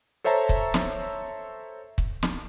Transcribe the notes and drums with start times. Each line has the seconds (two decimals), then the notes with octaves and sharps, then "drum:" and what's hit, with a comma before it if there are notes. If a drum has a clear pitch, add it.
0.24 A4 C5 C#5 E5 A5 A#5
0.49 drum: kick C#1
0.74 drum: snare
1.98 drum: kick C#1
2.23 drum: snare